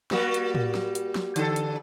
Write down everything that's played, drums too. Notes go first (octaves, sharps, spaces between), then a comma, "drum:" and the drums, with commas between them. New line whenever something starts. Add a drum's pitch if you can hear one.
G3 A#3 F#4, drum: snare
drum: hi-hat
drum: tom A2
drum: snare
drum: hi-hat
drum: snare
D3 A4, drum: hi-hat
drum: hi-hat